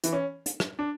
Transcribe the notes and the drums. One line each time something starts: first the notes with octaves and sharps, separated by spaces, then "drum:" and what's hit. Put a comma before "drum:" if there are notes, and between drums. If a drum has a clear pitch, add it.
E3, drum: hi-hat
C#4
drum: hi-hat
drum: rim click
D4